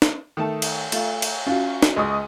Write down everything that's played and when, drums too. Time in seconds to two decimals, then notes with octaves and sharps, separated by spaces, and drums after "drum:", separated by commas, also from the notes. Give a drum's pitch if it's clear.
0.02 drum: snare
0.37 D#3 A3 A5
0.62 drum: cymbal
0.92 A3 F4, drum: cymbal
1.22 drum: cymbal
1.47 C#4 F4 F#4
1.83 drum: snare
1.96 C#2 D#5 C#6 D#6